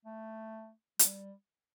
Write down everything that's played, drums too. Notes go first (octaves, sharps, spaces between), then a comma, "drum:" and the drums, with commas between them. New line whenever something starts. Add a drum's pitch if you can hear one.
A3
G3, drum: hi-hat